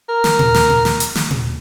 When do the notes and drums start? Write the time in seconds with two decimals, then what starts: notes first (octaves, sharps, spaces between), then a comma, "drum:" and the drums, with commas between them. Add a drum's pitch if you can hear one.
0.09 A#4
0.24 drum: snare
0.39 drum: tom A#2
0.54 drum: snare
0.70 drum: tom A#2
0.85 drum: snare
1.00 drum: hi-hat
1.15 drum: snare
1.31 drum: tom A#2